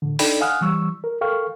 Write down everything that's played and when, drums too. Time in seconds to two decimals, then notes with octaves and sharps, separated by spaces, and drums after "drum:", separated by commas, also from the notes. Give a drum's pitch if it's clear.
0.02 A2 D3
0.19 D4 D#4 A4 D5 G5 B5, drum: open hi-hat
0.41 F5 F#5 G#5 D#6 F6 F#6
0.61 E3 G3 C#6 E6
1.04 A#4
1.21 A4 A#4 F5 G5 C#6 F6